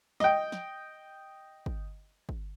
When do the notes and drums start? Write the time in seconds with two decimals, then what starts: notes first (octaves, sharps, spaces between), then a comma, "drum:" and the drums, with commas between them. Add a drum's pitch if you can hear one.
0.20 D#5 G5, drum: snare
0.52 drum: snare
1.66 drum: kick
2.29 drum: kick